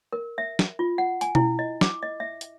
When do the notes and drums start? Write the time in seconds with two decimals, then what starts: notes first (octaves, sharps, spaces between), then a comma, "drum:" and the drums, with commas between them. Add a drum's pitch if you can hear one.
0.12 A#4
0.38 E5
0.59 drum: snare
0.79 F4
0.98 F#5
1.21 G#5, drum: hi-hat
1.35 E4, drum: tom B2
1.59 D#5
1.81 D6, drum: snare
2.02 D#5
2.20 E5
2.41 drum: hi-hat